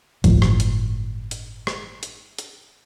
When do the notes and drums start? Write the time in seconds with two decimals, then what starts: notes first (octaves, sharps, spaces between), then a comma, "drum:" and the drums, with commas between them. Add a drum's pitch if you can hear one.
0.24 G1 A2 F3, drum: kick C2, hi-hat
0.42 drum: rim click
0.60 drum: hi-hat
1.31 drum: hi-hat
1.67 drum: rim click
2.03 drum: hi-hat
2.38 drum: hi-hat